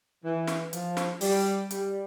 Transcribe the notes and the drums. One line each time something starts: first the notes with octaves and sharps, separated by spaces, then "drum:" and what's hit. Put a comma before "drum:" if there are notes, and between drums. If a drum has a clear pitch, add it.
E3
drum: snare
F3, drum: hi-hat
drum: snare
G3, drum: open hi-hat
G3, drum: hi-hat